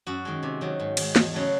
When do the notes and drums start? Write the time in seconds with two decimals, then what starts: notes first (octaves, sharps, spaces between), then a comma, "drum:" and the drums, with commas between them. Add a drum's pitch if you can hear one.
0.07 F#2 F#4
0.25 D#3 G#3
0.43 C3
0.61 D#3 F#3
0.80 G#2
0.97 D#3 G#3, drum: cymbal
1.16 E2, drum: snare
1.33 C#3 F#3 A3